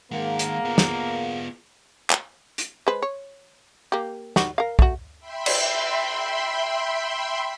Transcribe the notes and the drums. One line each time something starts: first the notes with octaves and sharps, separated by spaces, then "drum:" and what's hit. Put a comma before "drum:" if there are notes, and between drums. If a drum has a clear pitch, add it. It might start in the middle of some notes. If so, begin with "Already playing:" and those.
D#3 G#3 A#3 G#4 F5 F#5
drum: hi-hat
B3 F4
drum: snare
drum: clap
drum: hi-hat
G#3 B4 C5
C#5
A#3 G4
G3 D#4 F#4, drum: snare
A#4 F5
A3 F#4, drum: kick
E5 G5 B5 C6
drum: cymbal